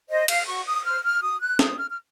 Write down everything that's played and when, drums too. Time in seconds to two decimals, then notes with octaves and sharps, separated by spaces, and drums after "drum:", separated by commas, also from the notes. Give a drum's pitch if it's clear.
0.09 C5 D#5
0.28 F5, drum: cymbal
0.46 F#4 C#6
0.65 D#6
0.84 C5 F6
1.03 F6
1.21 F#4 D#6
1.40 F#6
1.59 C5 D#6, drum: snare
1.78 F6
1.90 F6